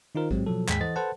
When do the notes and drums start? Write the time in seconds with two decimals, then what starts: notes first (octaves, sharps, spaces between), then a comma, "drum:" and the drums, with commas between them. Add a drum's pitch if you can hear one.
0.15 D#3 D#4 F4 A#4 C5
0.31 G#2 F#3 G#3 C4 G4, drum: kick A1
0.46 B2 F3 F#3 A4
0.69 D#2 G#2 G#3 G5 G#5 B6, drum: clap
0.81 E3 A4 C5 D#5 F#5 A6
0.96 A4 B4 C5 F#5 A5